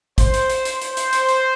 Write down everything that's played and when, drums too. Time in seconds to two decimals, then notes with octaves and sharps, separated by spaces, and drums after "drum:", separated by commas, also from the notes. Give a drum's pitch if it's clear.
0.18 C5, drum: kick, hi-hat
0.34 drum: hi-hat
0.50 drum: hi-hat
0.65 drum: hi-hat
0.82 C5, drum: hi-hat
0.97 drum: hi-hat
1.13 drum: hi-hat
1.29 drum: hi-hat